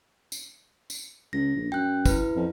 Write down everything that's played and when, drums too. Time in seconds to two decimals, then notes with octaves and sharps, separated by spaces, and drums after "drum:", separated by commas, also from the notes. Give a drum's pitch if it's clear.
0.32 drum: tambourine
0.90 drum: tambourine
1.33 C#2 A#6
1.56 A#1
1.72 F#2 G5 F#6
2.06 E4 B4, drum: kick, tambourine
2.36 F2